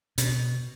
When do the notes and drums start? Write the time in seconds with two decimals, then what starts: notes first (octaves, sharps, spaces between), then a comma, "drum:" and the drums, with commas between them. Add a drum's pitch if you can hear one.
0.18 B2, drum: hi-hat